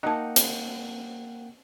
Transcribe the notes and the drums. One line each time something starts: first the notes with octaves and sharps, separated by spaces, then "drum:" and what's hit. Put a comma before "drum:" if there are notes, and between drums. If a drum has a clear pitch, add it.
A#3 D#4 F#5 G5 A5 F#6
drum: hi-hat